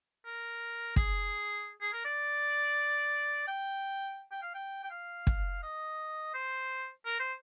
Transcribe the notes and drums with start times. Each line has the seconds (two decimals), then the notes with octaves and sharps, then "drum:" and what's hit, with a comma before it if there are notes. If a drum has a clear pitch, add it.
0.25 A#4
0.96 G#4, drum: kick
1.81 G#4
1.93 A#4
2.05 D5
3.48 G5
4.31 G5
4.42 F5
4.54 G5
4.83 G5
4.91 F5
5.27 drum: kick
5.63 D#5
6.34 C5
7.05 A#4
7.19 C5